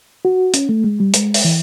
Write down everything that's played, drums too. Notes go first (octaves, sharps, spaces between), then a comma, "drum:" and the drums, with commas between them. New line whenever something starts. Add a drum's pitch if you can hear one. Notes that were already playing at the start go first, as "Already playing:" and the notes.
F#4
C#4, drum: hi-hat
A3
G#3
G3
G#3, drum: hi-hat
drum: open hi-hat
E3